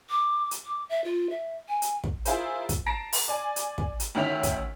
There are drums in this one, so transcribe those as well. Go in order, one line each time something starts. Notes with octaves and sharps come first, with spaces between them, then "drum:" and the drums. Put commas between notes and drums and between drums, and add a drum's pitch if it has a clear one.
D6
drum: hi-hat
D6
E5
F4
E5
G#5
drum: hi-hat
drum: kick
E4 F4 G#4 A#4 C5, drum: hi-hat
drum: kick, hi-hat
A5 A#5 A#6 C7 D7
drum: open hi-hat
D5 G#5
drum: hi-hat
drum: kick
drum: hi-hat
D2 D#3 C#4 E4 B6 F7
drum: kick, hi-hat